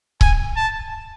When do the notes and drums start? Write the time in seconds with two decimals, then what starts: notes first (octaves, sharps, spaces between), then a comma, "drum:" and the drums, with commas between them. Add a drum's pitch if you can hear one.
0.21 G#5, drum: kick C#1
0.57 A5